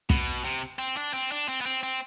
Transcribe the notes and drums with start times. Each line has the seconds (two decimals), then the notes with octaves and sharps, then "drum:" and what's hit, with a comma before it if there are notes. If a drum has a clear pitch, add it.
0.10 B2, drum: kick
0.45 C3
0.79 C4
0.97 D4
1.14 C4
1.32 D4
1.48 C4
1.61 B3
1.66 C4
1.83 C4